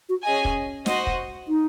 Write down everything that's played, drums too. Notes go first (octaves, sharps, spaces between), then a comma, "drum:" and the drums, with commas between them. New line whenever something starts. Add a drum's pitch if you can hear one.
F#4
C#4 G#4 D#5 G#5
drum: kick
F#4 C5 D#5 F#5, drum: snare
drum: kick
D#4